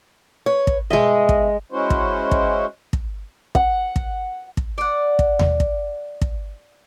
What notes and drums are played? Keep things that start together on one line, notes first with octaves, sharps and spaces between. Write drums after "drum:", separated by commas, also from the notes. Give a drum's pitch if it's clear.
B4 C#5
drum: kick
G2 B2 G#3 D#5 E5
drum: kick
G#3 C#4 E4 F#4 C5
drum: kick
drum: kick
drum: kick
F#5, drum: kick
drum: kick
drum: kick
D5 F#5
drum: kick
drum: tom D#2
drum: kick
drum: kick